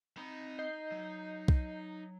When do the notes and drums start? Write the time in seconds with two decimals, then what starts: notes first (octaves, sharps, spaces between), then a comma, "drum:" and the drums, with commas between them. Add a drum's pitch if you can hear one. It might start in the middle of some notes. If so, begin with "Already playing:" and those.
0.17 C4 D#4 B5
0.59 D#5 G6 C7
0.92 F#3
1.48 drum: kick B1